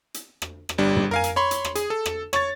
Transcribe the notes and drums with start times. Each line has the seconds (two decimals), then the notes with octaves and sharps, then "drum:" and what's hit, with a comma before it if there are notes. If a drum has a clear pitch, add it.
0.14 drum: hi-hat
0.42 drum: rim click
0.69 drum: rim click
0.78 G1 G3 D4
0.96 drum: tom
1.11 A#4 F5 G#5
1.24 drum: hi-hat
1.36 C#5 B5 C6
1.51 drum: hi-hat
1.65 drum: rim click
1.75 G#4, drum: hi-hat
1.90 A4
2.06 drum: rim click
2.33 C#5 C#6 A6, drum: rim click